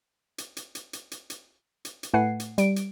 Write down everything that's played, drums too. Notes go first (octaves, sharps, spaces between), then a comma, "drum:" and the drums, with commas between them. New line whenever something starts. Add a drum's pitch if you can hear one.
drum: hi-hat
drum: hi-hat
drum: hi-hat
drum: hi-hat
drum: hi-hat
drum: hi-hat
drum: hi-hat
drum: hi-hat
A2 A3 B4 F#5 G#5 C7
drum: hi-hat
G3 D7, drum: hi-hat
drum: hi-hat